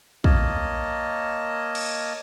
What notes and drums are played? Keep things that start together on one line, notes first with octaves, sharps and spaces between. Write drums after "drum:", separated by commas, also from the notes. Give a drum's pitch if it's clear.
A#3 A#4 C#5 D#5 A5, drum: kick
drum: cymbal